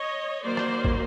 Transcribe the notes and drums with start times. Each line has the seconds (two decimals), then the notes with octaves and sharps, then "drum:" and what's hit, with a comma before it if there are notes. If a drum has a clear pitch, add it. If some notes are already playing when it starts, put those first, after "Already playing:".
Already playing: C#5 D#5
0.43 D#3 F#3 A#3 C5 D5
0.57 drum: rim click
0.85 drum: kick